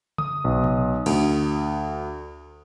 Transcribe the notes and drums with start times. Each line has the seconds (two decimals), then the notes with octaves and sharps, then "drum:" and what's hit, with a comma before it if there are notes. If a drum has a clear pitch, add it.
0.18 D#6, drum: tom C#3
0.44 B1
0.64 drum: tom B2
1.06 D2, drum: cymbal